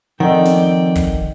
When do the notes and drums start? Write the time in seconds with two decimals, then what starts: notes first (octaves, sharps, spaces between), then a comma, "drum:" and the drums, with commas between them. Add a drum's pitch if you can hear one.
0.20 D#3 F3 C4 A4 D5 D#5 F#5 G5
0.45 drum: snare
0.96 drum: kick, hi-hat